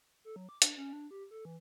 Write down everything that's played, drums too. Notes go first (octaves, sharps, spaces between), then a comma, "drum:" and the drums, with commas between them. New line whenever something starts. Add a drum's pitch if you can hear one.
A4
F#3
D6
D4, drum: hi-hat
C#4
D4
G4
A4
E3